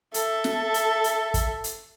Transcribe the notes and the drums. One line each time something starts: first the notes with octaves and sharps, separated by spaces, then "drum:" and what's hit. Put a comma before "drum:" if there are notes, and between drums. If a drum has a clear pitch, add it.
A4 E5, drum: hi-hat
drum: snare
drum: hi-hat
drum: hi-hat
drum: kick, hi-hat
drum: hi-hat